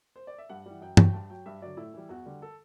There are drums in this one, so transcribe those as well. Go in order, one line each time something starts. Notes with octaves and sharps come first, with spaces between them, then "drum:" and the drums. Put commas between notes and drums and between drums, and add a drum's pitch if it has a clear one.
C5
D5
E5
G2 F#5
E3 G3
F#2 G5
F#3 G5, drum: tom G2
G2 A5
F#3 G5
G2 E5
D3 F#3 D5
A2 E4
E3 G3
E2 F#4
D3 G3
A4